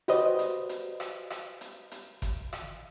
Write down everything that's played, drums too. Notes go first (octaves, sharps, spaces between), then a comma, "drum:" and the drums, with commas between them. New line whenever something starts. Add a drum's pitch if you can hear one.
F#4 G4 B4 C5 D5 D#5, drum: hi-hat
drum: hi-hat
drum: hi-hat
drum: rim click
drum: rim click
drum: hi-hat
drum: hi-hat
drum: kick G1, hi-hat
drum: rim click